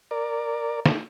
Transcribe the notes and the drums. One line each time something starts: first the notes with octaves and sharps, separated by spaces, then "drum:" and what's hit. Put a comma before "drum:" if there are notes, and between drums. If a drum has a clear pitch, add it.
A#4 D5
drum: snare